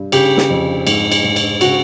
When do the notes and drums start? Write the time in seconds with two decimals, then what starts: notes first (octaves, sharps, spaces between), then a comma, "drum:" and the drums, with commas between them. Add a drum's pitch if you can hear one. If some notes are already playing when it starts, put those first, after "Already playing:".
Already playing: G2
0.12 C#3 G4, drum: cymbal
0.37 drum: snare
0.50 F2
0.87 G#2, drum: cymbal
1.12 drum: cymbal
1.24 G#2
1.36 drum: cymbal
1.61 C#3 F#4, drum: cymbal